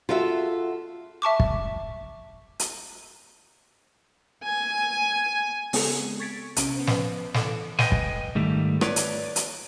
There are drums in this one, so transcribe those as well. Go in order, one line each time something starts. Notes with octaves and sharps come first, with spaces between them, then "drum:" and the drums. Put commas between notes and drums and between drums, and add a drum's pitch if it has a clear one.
F4 F#4 A4 E5
E5 A5 C#6 D6
drum: kick
drum: hi-hat
G#5
C#3 G#3 B3 C4 G#4 A4, drum: open hi-hat
C#6 G#6 A6 B6 C#7 D7
A#1 C3 C#4 D7, drum: hi-hat
B3 C#4 C5
F3 B4, drum: snare
E3 A4 D6 C#7 D7 E7, drum: snare
B4 D#5 G5 G#5, drum: snare
drum: kick
G#2 D#3 G3 A3
B4 C#5 D5, drum: rim click
drum: hi-hat
drum: hi-hat